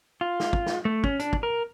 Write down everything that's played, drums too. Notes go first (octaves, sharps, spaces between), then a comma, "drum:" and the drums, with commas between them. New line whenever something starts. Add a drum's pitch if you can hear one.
F4
drum: snare
drum: kick
drum: snare
A3
C#4, drum: kick
D4, drum: hi-hat
drum: kick
A#4